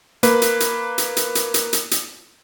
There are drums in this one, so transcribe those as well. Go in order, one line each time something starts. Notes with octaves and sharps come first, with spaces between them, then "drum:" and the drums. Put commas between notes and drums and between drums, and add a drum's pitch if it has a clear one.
A#3 B4, drum: hi-hat
drum: hi-hat
drum: hi-hat
drum: hi-hat
drum: hi-hat
drum: hi-hat
drum: hi-hat
drum: hi-hat
drum: hi-hat